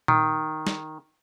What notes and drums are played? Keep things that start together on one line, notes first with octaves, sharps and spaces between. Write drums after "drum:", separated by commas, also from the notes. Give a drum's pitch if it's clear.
D#3, drum: tom A#2
drum: snare